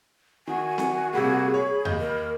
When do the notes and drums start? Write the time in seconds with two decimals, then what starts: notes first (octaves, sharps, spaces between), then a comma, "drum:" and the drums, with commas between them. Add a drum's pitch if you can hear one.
0.47 D#3 F#4 G#5
0.78 drum: snare C4
1.13 C3 G3 A#3 G#4
1.54 C#5 B5
1.85 D#2 D#5 G6, drum: tom E2
2.00 A#4